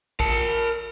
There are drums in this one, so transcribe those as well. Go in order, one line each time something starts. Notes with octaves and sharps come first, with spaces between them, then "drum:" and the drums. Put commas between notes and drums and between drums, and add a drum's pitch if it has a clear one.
A#4 A5, drum: kick A#1